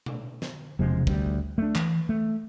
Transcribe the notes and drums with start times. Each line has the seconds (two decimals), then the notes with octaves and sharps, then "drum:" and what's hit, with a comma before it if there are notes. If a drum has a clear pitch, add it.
0.06 drum: tom B2
0.42 drum: snare
0.79 E1 C3 F3 G#3
1.07 D2 G3, drum: kick
1.58 A3 A#3 D4
1.75 E3, drum: clap
2.09 A3